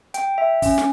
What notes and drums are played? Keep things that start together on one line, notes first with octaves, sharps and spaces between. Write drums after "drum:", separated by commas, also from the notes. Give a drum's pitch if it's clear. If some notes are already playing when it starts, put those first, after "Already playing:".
G5, drum: hi-hat
E5
C#4, drum: kick, open hi-hat
drum: snare